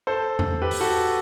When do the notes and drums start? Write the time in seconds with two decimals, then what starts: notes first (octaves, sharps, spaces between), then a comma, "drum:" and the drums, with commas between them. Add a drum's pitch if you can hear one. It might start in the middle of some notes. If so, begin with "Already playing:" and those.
0.07 A4 C5
0.39 drum: tom E2
0.62 G4 B4
0.71 drum: open hi-hat
0.80 F#4 A4